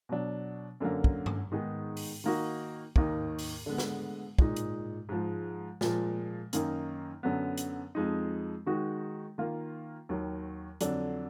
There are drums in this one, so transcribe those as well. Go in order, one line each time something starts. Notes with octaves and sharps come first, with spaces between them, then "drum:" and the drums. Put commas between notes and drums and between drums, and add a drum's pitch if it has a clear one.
B2 F#3 D4
F#2 D3 F#3 A#3
drum: kick
drum: tom G2
D#3 G#3 B3 D#4 G#4
drum: open hi-hat
D#3 A#3 D#4 F#4
D#2 D#3 A#3 D#4, drum: kick
drum: open hi-hat
D3 G#3 B3
drum: snare
A#2 G#3 D#4, drum: kick
drum: hi-hat
G#2 F3 G#3
A#2 F3 G#3, drum: snare
F#2 D#3 A#3 D#4, drum: hi-hat
F#2 D3 F#3 B3
drum: hi-hat
F2 F3 G#3 D#4
D#3 G#3 D#4 F#4
D#3 A#3 F4
D#2 D#3 F#3
F2 D3 F#3 D4, drum: hi-hat